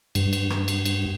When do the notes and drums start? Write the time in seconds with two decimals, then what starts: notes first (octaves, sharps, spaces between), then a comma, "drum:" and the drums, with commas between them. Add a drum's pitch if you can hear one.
0.15 G2, drum: cymbal
0.33 drum: cymbal
0.50 drum: rim click
0.68 drum: cymbal
0.85 drum: cymbal